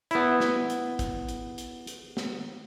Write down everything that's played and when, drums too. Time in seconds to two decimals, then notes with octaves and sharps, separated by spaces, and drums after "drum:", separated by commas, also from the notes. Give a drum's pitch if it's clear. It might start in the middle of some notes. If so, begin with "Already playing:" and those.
0.11 B3 E4, drum: hi-hat
0.40 drum: snare
0.70 drum: hi-hat
0.99 drum: kick, hi-hat
1.29 drum: hi-hat
1.58 drum: hi-hat
1.87 drum: hi-hat
2.17 drum: snare